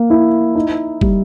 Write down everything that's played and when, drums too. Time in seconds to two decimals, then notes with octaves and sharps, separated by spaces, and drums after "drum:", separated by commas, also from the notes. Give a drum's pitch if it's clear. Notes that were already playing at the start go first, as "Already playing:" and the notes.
Already playing: A#3
0.10 E4
0.55 D#4
1.01 G3, drum: kick